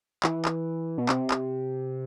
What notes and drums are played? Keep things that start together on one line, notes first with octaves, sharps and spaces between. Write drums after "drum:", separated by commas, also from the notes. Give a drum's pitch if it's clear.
E3, drum: clap
drum: clap
B2
C3, drum: clap
drum: clap